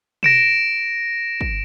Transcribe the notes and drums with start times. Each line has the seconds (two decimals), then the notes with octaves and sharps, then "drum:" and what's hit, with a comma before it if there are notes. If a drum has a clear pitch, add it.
0.23 A#6 D7 E7, drum: tom B2
1.41 drum: kick